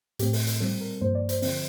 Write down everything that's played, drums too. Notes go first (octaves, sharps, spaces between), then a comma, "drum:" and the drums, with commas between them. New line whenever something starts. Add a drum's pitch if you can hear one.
A2 A3 C4 G4, drum: hi-hat
A4, drum: open hi-hat
A4, drum: hi-hat
A#2 G3 C4 A4, drum: snare
A#4
G2 F3 A#3 C5
D5
C5, drum: hi-hat
D3 F3 C4 C5, drum: open hi-hat